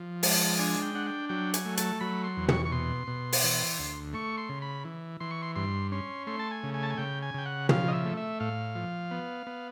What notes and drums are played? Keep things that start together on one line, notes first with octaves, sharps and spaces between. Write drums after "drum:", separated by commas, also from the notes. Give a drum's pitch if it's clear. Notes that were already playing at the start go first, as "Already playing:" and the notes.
Already playing: F3
G#3 A5, drum: open hi-hat
D4 G#5
G5
D4 F#5
G5
F#3 G5
G#5, drum: hi-hat
A3
A5, drum: hi-hat
F#3 B5
C6
E2
C#6, drum: tom
C#6
B2 C6
B2
drum: open hi-hat
E3
D2
A3 C#6
C6
C#3
B5
E3
E3 C6
C#6
C6
G2 C6
C#4 C6
A3 C6
A5
G#5
C#3
G#5
A5
G#5
C#3 G5
G#5
C#3 G5
F#5
F3 F5, drum: tom
D#5
E5
A3
E5
A2 F5
F3
B3
B3